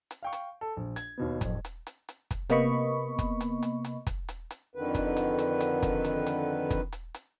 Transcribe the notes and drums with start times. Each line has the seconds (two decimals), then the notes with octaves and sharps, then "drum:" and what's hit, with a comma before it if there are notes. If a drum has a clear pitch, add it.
0.11 drum: hi-hat
0.23 F5 G5 C#6
0.33 drum: hi-hat
0.61 A4
0.77 A#1
0.96 G#6, drum: hi-hat
1.18 D#2 B2 B3
1.41 D1 F2, drum: kick, hi-hat
1.65 drum: hi-hat
1.87 drum: hi-hat
2.09 drum: hi-hat
2.31 drum: kick, hi-hat
2.50 C3 A#3 B3 D#5 B5 C#6, drum: hi-hat
3.19 drum: kick, hi-hat
3.41 drum: hi-hat
3.63 drum: hi-hat
3.85 drum: hi-hat
4.07 drum: kick, hi-hat
4.29 drum: hi-hat
4.51 drum: hi-hat
4.75 F2 D3 D#3 B4
4.95 drum: kick, hi-hat
5.17 drum: hi-hat
5.39 drum: hi-hat
5.61 drum: hi-hat
5.83 drum: kick, hi-hat
6.05 drum: hi-hat
6.27 drum: hi-hat
6.70 drum: kick, hi-hat
6.92 drum: hi-hat
7.14 drum: hi-hat